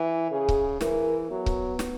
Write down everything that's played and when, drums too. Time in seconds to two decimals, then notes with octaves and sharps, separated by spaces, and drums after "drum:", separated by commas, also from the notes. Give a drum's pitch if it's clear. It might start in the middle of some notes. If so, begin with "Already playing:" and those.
Already playing: E3
0.32 C#3 G#4
0.49 drum: kick C#1
0.81 E3 A#4, drum: snare
1.30 F#3 B3
1.46 drum: kick C#1
1.79 drum: snare